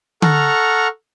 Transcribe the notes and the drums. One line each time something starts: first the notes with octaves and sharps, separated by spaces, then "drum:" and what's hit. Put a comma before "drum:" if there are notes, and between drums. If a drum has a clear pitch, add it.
A4 F#5 A#5 C#6 F6, drum: tom D3